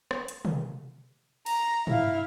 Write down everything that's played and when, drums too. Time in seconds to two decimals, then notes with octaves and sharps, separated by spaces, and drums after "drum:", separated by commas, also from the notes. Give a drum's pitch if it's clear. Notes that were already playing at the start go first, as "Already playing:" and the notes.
0.11 drum: rim click
0.28 drum: hi-hat
0.45 drum: tom
1.46 A#5, drum: cymbal
1.87 E4 F5, drum: tom